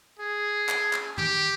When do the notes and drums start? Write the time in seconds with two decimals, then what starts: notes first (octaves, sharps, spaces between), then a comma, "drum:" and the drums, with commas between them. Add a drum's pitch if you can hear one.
0.19 G#4
0.69 drum: clap
0.93 drum: clap
1.18 G4, drum: tom